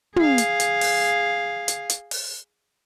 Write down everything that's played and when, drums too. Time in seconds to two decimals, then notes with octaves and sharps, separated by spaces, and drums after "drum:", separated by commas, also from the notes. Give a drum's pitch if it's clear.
0.16 G#4 F5, drum: tom
0.38 drum: hi-hat
0.60 drum: hi-hat
0.81 drum: open hi-hat
1.68 drum: hi-hat
1.90 drum: hi-hat
2.11 drum: open hi-hat